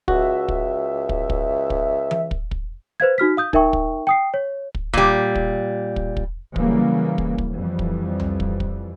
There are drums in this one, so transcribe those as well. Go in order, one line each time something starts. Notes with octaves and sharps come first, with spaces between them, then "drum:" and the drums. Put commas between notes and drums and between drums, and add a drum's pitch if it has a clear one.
C#2 F#4 E5, drum: kick
drum: kick
drum: kick
drum: kick
drum: kick
drum: tom E3
drum: kick
drum: kick
B4 C5 F5 G#6
D#4 F#4 F6 B6
F5 D#6 G6
D#4 A#4 E5 G5 C#6, drum: kick
drum: kick
G5 D#6 C7
C#5
drum: kick
A#2 G3, drum: kick
drum: kick
drum: kick
drum: kick
C#3 E3 F#3 G3 A#3, drum: kick
drum: kick
drum: kick
F2 E3 G3
drum: kick
drum: tom C2
drum: kick
drum: kick